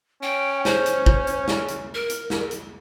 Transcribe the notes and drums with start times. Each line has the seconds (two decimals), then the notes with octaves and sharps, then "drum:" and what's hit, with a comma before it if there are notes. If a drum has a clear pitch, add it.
0.23 C#4 G5
0.65 C5, drum: snare
0.86 drum: hi-hat
1.06 drum: kick
1.27 drum: hi-hat
1.48 drum: snare
1.68 drum: hi-hat
1.95 A#4
2.10 drum: hi-hat
2.30 drum: snare
2.51 drum: hi-hat